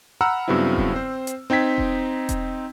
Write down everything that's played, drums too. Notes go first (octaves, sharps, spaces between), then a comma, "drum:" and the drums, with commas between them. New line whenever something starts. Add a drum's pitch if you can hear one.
F#5 A#5 B5 E6 F6
G2 C#3 F#3 B3 C4 E4
drum: kick E1
C4 C5
drum: hi-hat
C4 D#4 G5 G#6 B6
drum: kick E1
drum: kick E1, hi-hat